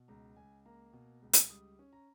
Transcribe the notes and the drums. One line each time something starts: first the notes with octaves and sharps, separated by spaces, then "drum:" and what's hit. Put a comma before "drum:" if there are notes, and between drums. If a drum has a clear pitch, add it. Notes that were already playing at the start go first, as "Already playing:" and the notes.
Already playing: B2
C#2 A#5
C#2 G#5
A#3 A#5
B2
C#2
drum: hi-hat
G3 D#6
C#4
A#5